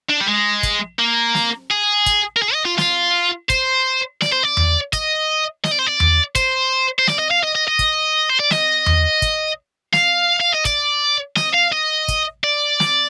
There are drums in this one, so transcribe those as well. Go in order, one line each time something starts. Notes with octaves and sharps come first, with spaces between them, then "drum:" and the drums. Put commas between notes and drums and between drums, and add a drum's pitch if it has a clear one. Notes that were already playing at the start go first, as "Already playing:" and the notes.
D4
G3
G#3
drum: kick, hi-hat
A#3
drum: snare
G#4
drum: kick, hi-hat
A#4
G#4
D#5
F4
F4, drum: snare
C5, drum: kick, hi-hat
D5, drum: snare
C5
D5
drum: tom E2
D#5, drum: kick, hi-hat
D#5, drum: snare
D5
C5
D5
drum: tom E2
C5, drum: kick, hi-hat
C5
D5, drum: snare
D#5
F5
D#5
D#5
D#5
drum: kick, hi-hat
C5
D5
D#5, drum: snare
drum: tom E2
drum: kick, hi-hat
F5, drum: snare
F5
D#5
D5, drum: kick, hi-hat
D#5, drum: snare
F5
D#5
drum: kick, hi-hat
D5
drum: snare